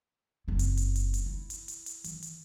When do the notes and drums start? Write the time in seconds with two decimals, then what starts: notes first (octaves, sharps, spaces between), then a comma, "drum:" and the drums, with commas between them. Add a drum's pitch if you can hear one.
0.48 F#1 C4
0.59 drum: hi-hat
0.77 drum: hi-hat
0.95 drum: hi-hat
1.14 drum: hi-hat
1.26 E4
1.50 drum: hi-hat
1.68 drum: hi-hat
1.86 drum: hi-hat
2.04 E3, drum: hi-hat
2.22 drum: hi-hat